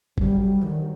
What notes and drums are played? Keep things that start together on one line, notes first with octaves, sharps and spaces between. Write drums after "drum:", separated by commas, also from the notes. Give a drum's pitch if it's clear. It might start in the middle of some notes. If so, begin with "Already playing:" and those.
D2 C3 F#3 G3, drum: kick
G3
D#3